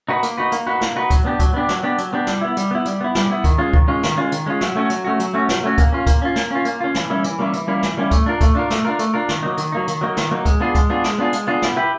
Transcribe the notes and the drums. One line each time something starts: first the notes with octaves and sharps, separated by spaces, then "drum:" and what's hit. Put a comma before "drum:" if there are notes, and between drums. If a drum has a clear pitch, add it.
D#4 F#4 B4
A#3, drum: hi-hat
D#4 F#4 B4
A#3, drum: hi-hat
D#4 F#4 B4
A#3, drum: snare
D#4 F#4 B4
F#3, drum: kick C#2, hi-hat
B3 D4 G4
F#3, drum: kick C#2, hi-hat
B3 D4 G4
F#3, drum: snare
B3 D4 G4
F#3, drum: hi-hat
B3 D4 G4
G3, drum: snare
B3 E4
G3, drum: hi-hat
B3 E4
G3, drum: hi-hat
B3 E4
G3, drum: snare
B3 E4
D#3, drum: kick C#2, hi-hat
G#3 C#4 F4
D#3, drum: kick C#2
G#3 C#4 F4
D#3, drum: snare
G#3 C#4 F4
D#3, drum: hi-hat
G#3 C#4 F4
F#3, drum: snare
A3 C#4 F#4
F#3, drum: hi-hat
A3 C#4 F#4
F#3, drum: hi-hat
A3 C#4 F#4
F#3, drum: snare
A3 C#4 F#4
A#3, drum: kick C#2, hi-hat
C#4 F4
A#3, drum: kick C#2, hi-hat
C#4 F4
A#3, drum: snare
C#4 F4
A#3, drum: hi-hat
C#4 F4
E3, drum: snare
G3 A#3 C#4 E4
E3, drum: hi-hat
G3 A#3 C#4 E4
E3, drum: hi-hat
G3 A#3 C#4 E4
E3, drum: snare
G3 A#3 C#4 E4
A3, drum: kick C#2, hi-hat
D4 F4 A#4
A3, drum: kick C#2, hi-hat
D4 F4 A#4
A3, drum: snare
D4 F4 A#4
A3, drum: hi-hat
D4 F4 A#4
D#3, drum: snare
F#3 A#3 D#4
D#3, drum: hi-hat
F#3 A#3 D#4
D#3, drum: hi-hat
F#3 A#3 D#4
D#3, drum: snare
F#3 A#3 D#4
G#3, drum: kick C#2, hi-hat
B3 D4 F4 G#4
G#3, drum: kick C#2, hi-hat
B3 D4 F4 G#4
G#3, drum: snare
B3 D4 F4 G#4
G#3, drum: hi-hat
B3 D4 F4 G#4
B3, drum: snare
E4 G4 B4